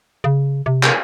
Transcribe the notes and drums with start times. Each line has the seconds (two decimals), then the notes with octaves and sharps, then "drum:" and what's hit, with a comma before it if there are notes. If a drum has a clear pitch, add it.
0.24 C#3
0.66 C3
0.83 drum: clap